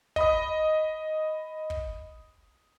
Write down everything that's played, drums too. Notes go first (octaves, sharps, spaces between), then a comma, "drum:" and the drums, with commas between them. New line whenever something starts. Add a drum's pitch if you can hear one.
D#5 B5 D#6, drum: kick
drum: kick